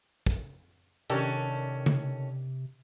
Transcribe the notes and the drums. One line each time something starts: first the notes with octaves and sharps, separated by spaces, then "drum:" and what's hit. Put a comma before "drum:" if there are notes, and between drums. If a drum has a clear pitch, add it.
drum: kick
C3 D#3 C#4 D4 G4 A4 A#4, drum: hi-hat
drum: tom C#3